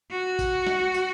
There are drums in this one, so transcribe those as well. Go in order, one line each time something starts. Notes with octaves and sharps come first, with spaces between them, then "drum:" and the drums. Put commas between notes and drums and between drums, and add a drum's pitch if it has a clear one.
F#4
drum: kick A1, tambourine
drum: snare
drum: tambourine